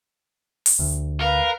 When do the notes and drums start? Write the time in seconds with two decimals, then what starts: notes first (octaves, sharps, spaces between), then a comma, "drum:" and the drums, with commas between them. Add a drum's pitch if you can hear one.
0.66 drum: open hi-hat
0.79 D2
1.20 A#4 B4 F5